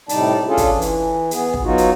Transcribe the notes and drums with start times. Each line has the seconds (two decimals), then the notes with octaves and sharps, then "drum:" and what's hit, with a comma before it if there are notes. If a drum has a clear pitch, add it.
0.09 A2 C3 G3 D#4 D5 A5, drum: hi-hat
0.47 C#4 D4 F4 G#4 A4
0.57 drum: kick, hi-hat
0.72 E3
0.81 drum: hi-hat
1.31 B3 G#4, drum: hi-hat
1.54 drum: kick
1.63 F#3 B3 D#4 F4 F#4
1.78 drum: hi-hat